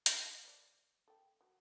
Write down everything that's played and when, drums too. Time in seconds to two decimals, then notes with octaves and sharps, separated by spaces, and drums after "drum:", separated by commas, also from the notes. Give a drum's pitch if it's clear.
0.06 D4 D#4 A4, drum: hi-hat
0.45 C5 D5
1.08 A4 G5
1.41 F#3